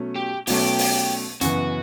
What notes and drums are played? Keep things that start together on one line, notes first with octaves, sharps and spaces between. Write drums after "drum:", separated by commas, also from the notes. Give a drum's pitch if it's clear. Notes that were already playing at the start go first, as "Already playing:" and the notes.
Already playing: B2 F#3 A3 C#4
G4
B2 F#3 A3 C#4 G4, drum: open hi-hat
drum: open hi-hat
F#2 C#3 E3 B3 F#4, drum: hi-hat